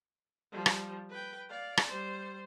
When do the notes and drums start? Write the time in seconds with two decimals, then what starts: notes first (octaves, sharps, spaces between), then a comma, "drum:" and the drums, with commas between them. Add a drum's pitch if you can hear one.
0.52 F3 G3
0.66 drum: rim click
1.09 B4 G5
1.49 D5 F5
1.77 drum: rim click
1.87 G3 C5